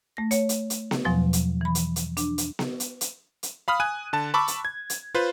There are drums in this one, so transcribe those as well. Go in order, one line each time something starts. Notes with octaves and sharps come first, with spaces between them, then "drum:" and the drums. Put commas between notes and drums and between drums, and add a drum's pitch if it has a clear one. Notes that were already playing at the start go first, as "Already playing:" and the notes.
A3 A#6
C#5, drum: hi-hat
drum: hi-hat
drum: hi-hat
drum: snare B3
E2 B2 F3 F#3 C6
drum: hi-hat
E3 B5
drum: hi-hat
drum: hi-hat
D4, drum: hi-hat
drum: hi-hat
drum: snare B3
drum: hi-hat
drum: hi-hat
drum: hi-hat
F5 B5 D#6 F6
G#5 D#6 F#6 D#7
D3 A5
A5 B5 C#6 D6 E6
drum: hi-hat
G#6
drum: hi-hat
F4 B4 C5